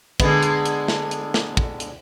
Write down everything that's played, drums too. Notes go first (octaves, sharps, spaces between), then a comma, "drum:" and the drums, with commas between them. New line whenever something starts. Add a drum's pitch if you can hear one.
D3 G#3 B3, drum: kick, hi-hat
drum: hi-hat
drum: hi-hat
drum: snare
drum: hi-hat
drum: snare
drum: kick
drum: hi-hat